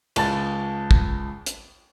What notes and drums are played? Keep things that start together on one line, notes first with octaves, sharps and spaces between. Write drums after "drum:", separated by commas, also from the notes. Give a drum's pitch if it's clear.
C#2 A5 A6, drum: cymbal
drum: kick
drum: hi-hat